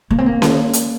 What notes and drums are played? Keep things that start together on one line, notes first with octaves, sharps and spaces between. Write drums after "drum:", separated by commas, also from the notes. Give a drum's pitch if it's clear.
A#3
C4
A#3
drum: snare C#4
drum: hi-hat